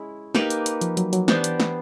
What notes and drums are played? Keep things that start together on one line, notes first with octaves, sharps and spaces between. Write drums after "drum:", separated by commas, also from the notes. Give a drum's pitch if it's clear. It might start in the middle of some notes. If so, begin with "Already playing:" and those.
Already playing: G#3 C#4 E4
A#3 D#4 G4 B4, drum: snare
drum: hi-hat
drum: hi-hat
F3, drum: hi-hat
F#3, drum: hi-hat
F#3, drum: hi-hat
E3 B3 D4 G4 C5, drum: snare
drum: hi-hat
drum: snare